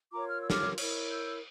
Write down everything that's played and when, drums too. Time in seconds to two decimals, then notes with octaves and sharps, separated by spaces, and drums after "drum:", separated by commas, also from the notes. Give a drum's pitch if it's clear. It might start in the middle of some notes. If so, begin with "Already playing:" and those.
0.12 F4 A#4 C#5 A#5 D6
0.28 F6
0.40 E6
0.50 D6 F6, drum: snare
0.78 E4 A#4 C#5, drum: cymbal
1.10 E6 G6